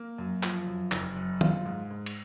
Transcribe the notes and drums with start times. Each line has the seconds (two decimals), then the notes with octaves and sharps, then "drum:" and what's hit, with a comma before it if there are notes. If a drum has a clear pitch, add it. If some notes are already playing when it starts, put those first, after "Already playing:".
Already playing: A#3
0.18 F#2
0.43 F3, drum: clap
0.67 F#2
0.92 F#1, drum: clap
1.16 F#2
1.41 F4, drum: tom D#3
1.65 G#2
1.90 G#2
2.06 drum: cymbal